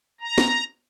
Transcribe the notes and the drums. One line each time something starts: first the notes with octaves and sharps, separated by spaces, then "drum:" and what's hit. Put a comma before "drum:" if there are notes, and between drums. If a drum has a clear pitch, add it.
A#5
drum: snare